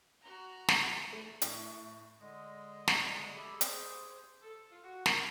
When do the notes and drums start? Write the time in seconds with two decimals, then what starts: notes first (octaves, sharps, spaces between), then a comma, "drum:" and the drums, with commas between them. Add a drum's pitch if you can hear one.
0.21 F#4 A#5
0.68 drum: snare
1.13 A3
1.42 A2, drum: hi-hat
2.21 D3 G#3 D#5
2.88 drum: snare
3.34 A3 G4 G#4 E5 B5 D6
3.61 G4 G#4 C5, drum: hi-hat
4.42 A4
4.72 F4
4.84 F#4
5.06 A#4, drum: snare